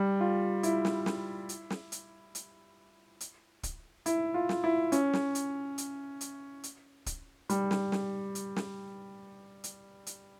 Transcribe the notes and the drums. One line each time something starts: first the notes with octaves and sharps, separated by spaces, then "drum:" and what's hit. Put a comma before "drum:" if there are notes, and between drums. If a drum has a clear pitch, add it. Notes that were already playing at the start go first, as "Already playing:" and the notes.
Already playing: G3
F4
E4, drum: hi-hat
drum: snare
drum: snare
drum: hi-hat
drum: snare
drum: hi-hat
drum: hi-hat
drum: hi-hat
drum: kick D1, hi-hat
E4, drum: hi-hat
F4
drum: snare
E4
C#4, drum: hi-hat
drum: snare
drum: hi-hat
drum: hi-hat
drum: hi-hat
drum: hi-hat
drum: kick D1, hi-hat
G3, drum: hi-hat
drum: snare
drum: snare
drum: hi-hat
drum: snare
drum: hi-hat
drum: hi-hat